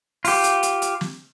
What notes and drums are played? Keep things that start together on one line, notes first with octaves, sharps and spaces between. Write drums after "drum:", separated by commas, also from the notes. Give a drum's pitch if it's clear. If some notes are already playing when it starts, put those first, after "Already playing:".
F4 G4, drum: open hi-hat
drum: hi-hat
drum: hi-hat
drum: hi-hat
drum: snare